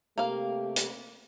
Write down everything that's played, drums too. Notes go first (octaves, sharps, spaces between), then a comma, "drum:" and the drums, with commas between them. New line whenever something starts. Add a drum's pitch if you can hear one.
C3 A3 A#3 G4 F5
drum: hi-hat